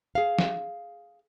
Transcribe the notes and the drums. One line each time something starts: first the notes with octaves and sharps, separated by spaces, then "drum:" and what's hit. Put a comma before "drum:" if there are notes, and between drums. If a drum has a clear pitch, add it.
G#4 F5
drum: snare